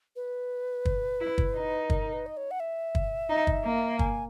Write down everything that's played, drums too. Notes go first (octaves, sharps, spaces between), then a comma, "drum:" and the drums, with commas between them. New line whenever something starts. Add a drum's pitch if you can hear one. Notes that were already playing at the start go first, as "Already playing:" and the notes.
B4
drum: kick
E4
drum: kick
D#4
A#4, drum: kick
B4
D#5
C#5
F#5
E5
drum: kick
D#4
drum: kick
A#3
G#5, drum: kick